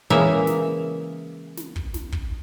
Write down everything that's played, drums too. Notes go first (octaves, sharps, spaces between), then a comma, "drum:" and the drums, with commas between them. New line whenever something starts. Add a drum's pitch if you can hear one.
C#3 E3 G#3 A#3 E5
drum: snare
drum: snare
drum: kick
drum: snare
drum: kick